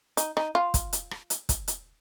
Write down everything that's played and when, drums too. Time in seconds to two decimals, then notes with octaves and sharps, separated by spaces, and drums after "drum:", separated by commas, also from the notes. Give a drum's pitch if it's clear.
0.17 D#4, drum: hi-hat
0.37 D#4, drum: rim click
0.55 F4
0.74 drum: kick, hi-hat
0.93 drum: hi-hat
1.11 drum: rim click
1.30 drum: hi-hat
1.49 drum: kick, hi-hat
1.68 drum: hi-hat